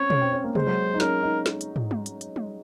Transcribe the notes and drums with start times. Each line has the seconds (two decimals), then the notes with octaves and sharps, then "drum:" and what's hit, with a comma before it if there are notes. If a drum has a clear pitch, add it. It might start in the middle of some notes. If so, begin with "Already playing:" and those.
Already playing: C4 C#4 C#5
0.10 C#4, drum: tom B2
0.22 C4
0.32 C#4
0.44 A#3
0.55 G#3 C5, drum: tom C3
0.67 F#3
0.94 D#4
1.00 C#4 A#4, drum: snare
1.23 D#4
1.46 drum: snare
1.61 drum: hi-hat
1.76 drum: tom
1.91 drum: tom G3
2.06 drum: hi-hat
2.21 drum: hi-hat
2.36 drum: tom G3